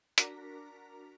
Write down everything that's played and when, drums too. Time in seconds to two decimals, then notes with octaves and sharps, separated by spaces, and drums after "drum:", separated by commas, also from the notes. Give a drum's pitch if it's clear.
0.18 D4 F#4 A#4 A#5 B6, drum: hi-hat